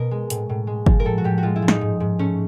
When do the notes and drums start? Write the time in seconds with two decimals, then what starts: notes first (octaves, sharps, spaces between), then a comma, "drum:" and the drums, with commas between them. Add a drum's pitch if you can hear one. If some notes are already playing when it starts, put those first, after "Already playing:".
Already playing: B2 A#4
0.11 G#3
0.30 A2, drum: hi-hat
0.49 A2
0.67 G#3
0.86 F3, drum: kick G1
1.00 A#4
1.05 A2 A4
1.18 F#4
1.24 A2 G4
1.38 F#4
1.43 G#3 F4
1.56 E4
1.62 F3
1.68 D#4, drum: snare
1.81 G#2
2.00 G#2
2.19 A3 C#4